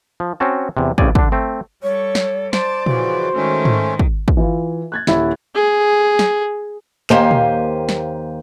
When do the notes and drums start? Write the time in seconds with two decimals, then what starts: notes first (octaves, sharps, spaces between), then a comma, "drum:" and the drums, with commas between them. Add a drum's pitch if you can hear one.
0.20 F3
0.40 C4 C#4 F#4 A5
0.77 E2 C3
0.98 A1 C#3 C4 D5 G#5, drum: kick
1.15 D3 D4, drum: kick
1.32 A3 C4
1.83 G3 A4 C#5 C#6
2.15 drum: snare
2.53 C5 D5 A5, drum: snare
2.86 F2 C#3 E3 F#4, drum: tom A#2
3.35 D#3 G#3 A3 C#4
3.65 drum: tom G#2
3.99 drum: kick
4.28 drum: kick
4.37 E3 E4 F4
4.92 F#6 G#6 A6
5.07 D#1 E4 E5, drum: snare
5.55 G#4
6.19 drum: snare
7.10 D#2 A#3 G4 C5 G#5, drum: clap
7.31 drum: tom A#2
7.89 drum: snare